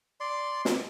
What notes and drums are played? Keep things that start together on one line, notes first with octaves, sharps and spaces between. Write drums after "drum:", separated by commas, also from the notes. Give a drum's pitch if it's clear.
D5 C6
drum: snare